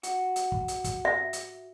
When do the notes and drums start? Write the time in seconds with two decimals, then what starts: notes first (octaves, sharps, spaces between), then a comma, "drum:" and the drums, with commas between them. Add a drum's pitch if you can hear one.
0.03 F#4, drum: hi-hat
0.36 drum: hi-hat
0.52 drum: kick
0.68 drum: hi-hat
0.84 drum: kick, hi-hat
1.05 E5
1.33 drum: hi-hat